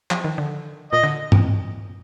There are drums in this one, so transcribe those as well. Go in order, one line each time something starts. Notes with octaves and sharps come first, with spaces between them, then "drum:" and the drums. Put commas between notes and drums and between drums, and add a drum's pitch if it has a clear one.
F3, drum: clap
D#3
D3
A#2 D#5
D3
drum: tom G2